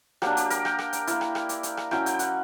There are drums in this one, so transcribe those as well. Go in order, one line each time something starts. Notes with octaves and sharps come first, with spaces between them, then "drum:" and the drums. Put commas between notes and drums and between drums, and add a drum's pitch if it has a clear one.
F#3 A#3 D4 G4, drum: rim click
G4, drum: hi-hat
A#4, drum: hi-hat
G5, drum: rim click
drum: rim click
drum: hi-hat
A#3 E4, drum: hi-hat
drum: rim click
drum: rim click
drum: hi-hat
drum: hi-hat
drum: rim click
F#3 C#4 E4 G5, drum: rim click
G5, drum: hi-hat
F#5, drum: hi-hat